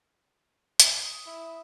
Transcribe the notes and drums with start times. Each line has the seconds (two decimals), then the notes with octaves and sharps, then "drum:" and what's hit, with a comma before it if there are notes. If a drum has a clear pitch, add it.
0.80 drum: hi-hat
1.04 D#6
1.27 E4